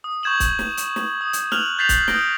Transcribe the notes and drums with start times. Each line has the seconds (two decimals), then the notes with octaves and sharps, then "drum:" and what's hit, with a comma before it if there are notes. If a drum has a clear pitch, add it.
0.04 D#6
0.23 C#6 G6 G#6 E7 F#7
0.40 drum: kick C#1, hi-hat
0.59 drum: snare
0.77 drum: hi-hat
0.96 drum: snare
1.21 D#6
1.33 drum: hi-hat
1.52 F6 F#6 F7 F#7, drum: snare
1.79 G6 A6 B6 C7 F7 F#7
1.89 drum: kick C#1, hi-hat
2.08 D#6 G6 A#6 D7 G7, drum: snare